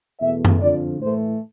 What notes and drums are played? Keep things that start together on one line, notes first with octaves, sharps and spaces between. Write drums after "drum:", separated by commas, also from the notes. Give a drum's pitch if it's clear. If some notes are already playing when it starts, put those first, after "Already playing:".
E2 B2 A3 E5
drum: tom F#2
F2 D3 F3 D5
A2 E3 A3 C5